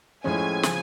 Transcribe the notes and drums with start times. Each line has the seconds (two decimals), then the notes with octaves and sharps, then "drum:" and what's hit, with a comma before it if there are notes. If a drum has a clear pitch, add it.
0.24 A2 F3 G#3 C#4 G#5
0.63 C#3 F3, drum: snare